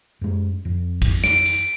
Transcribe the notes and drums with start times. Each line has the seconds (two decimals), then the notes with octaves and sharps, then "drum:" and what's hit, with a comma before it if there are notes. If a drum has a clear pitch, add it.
0.21 F#2 G#3
0.65 F2
1.02 drum: kick, cymbal
1.24 D7, drum: snare
1.46 drum: cymbal